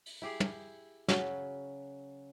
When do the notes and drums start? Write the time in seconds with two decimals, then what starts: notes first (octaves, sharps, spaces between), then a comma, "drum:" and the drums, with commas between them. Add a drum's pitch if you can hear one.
0.06 drum: open hi-hat
0.22 E4 G4 G#4
0.40 drum: tom
1.08 C#3 F#3, drum: snare